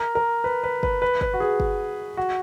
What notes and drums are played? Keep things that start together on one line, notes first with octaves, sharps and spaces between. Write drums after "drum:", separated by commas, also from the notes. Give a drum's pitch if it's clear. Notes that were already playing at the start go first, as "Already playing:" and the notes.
Already playing: A#4
A#4
B4
B4
B4, drum: kick
B4
B4, drum: kick
F#4
G#4
drum: kick
F#4